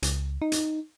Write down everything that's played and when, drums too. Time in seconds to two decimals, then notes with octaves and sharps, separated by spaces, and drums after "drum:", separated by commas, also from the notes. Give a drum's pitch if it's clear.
0.03 C#2, drum: hi-hat
0.42 D#4
0.52 drum: hi-hat